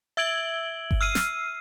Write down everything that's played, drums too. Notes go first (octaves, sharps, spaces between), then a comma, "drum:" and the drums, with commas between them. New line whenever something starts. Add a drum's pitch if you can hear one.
E5 E6 G#6 D7 F#7 G7
drum: kick G1
E6 F6 C7 D#7
drum: snare